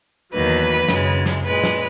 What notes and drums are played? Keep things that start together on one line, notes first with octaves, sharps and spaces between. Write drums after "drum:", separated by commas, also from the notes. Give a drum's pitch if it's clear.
E2 D#3 F#3 A#3 B4
F#2 C#3 G#3, drum: snare
drum: snare
A#2 G#3 B4
drum: snare